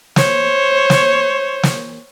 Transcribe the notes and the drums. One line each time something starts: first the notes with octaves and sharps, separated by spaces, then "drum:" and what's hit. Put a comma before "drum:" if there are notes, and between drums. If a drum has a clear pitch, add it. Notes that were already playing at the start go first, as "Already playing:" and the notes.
C5 C#5, drum: snare
drum: snare
drum: snare